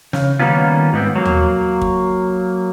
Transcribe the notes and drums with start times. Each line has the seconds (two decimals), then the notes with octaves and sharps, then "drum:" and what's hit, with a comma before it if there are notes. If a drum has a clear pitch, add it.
0.13 C#3, drum: snare
0.39 D#3 G3 A#3 B3 C#4 F4
0.93 G#2 B3 C4
1.16 F#3 A#3
1.25 drum: tom D#2
1.82 drum: kick